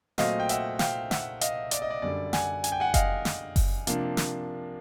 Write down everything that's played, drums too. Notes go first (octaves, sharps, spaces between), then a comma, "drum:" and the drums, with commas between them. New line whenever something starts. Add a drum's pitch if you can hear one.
A#2 F#3 A3 C4 D#5 F5, drum: snare
G5
E5 F#5, drum: hi-hat
F5 G5, drum: snare
E5 F#5, drum: snare
D#5 F5, drum: hi-hat
D5, drum: hi-hat
D#5
D5
F#2 D3 G3 D5
F#5 G#5, drum: snare
G#5, drum: hi-hat
G5
F#5 G#5
D#5 F5, drum: kick F#1, hi-hat
drum: snare
drum: kick F#1, open hi-hat
C3 F3 A#3 D4, drum: hi-hat
drum: snare